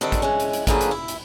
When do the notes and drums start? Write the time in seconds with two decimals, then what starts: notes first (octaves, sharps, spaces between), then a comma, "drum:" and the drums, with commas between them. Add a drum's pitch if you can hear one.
0.01 D3 D#3 G3 C4 D4 A4
0.12 drum: kick A1, hi-hat
0.22 E3 G#3 C#4
0.40 drum: hi-hat
0.53 drum: hi-hat
0.67 D3 F3 F#3 A#3 G#4 B4, drum: kick A1, hi-hat
0.81 drum: hi-hat
0.91 E4
1.08 drum: hi-hat